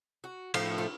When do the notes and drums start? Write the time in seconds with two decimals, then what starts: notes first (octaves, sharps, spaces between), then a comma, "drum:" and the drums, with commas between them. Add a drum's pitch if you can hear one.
0.24 F#4
0.54 A2 F3 A3 A4, drum: cymbal
0.78 F4